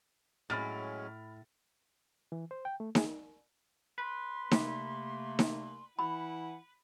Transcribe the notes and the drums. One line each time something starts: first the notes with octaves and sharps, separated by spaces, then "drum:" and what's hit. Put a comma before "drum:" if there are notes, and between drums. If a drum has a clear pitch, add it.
A2 F#3 G#3 C#4 B5 F6 A6
E3
C5
G5
A3
G#4, drum: snare D#4
B4 C6
C3 A3 A#3, drum: snare D#4
drum: snare D#4
E3 E4 F#5 B5